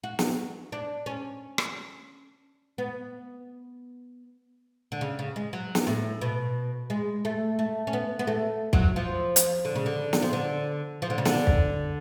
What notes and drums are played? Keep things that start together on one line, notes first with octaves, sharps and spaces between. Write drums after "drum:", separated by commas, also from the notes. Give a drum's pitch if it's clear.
F#4
drum: snare
D4
C#4
drum: rim click
B3
D3
C#3
C#3
G#3
F#3
drum: snare
A2
B2
G#3
A3
A3
C#4
B3
B3
A3
F#3, drum: kick
F3
drum: hi-hat
D3
C#3
D3
drum: snare
F3
D3
F3
D3
C#3
D3, drum: snare
drum: kick